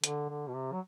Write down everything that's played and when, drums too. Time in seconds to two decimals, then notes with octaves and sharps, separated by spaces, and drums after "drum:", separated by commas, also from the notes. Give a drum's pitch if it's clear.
0.04 D3, drum: hi-hat
0.29 D3
0.48 B2
0.54 C3
0.73 F#3